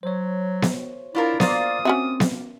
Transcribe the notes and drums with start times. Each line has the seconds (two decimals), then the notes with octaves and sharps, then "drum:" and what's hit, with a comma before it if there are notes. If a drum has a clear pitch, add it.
0.03 F#3 C5 C#5
0.62 drum: snare B3
1.15 D4 E4 F4 A#4
1.40 A#3 F4 C5 D5 A#5 D#6 A6, drum: snare B3
1.85 C4 C#4 F#4 E5
2.20 drum: snare B3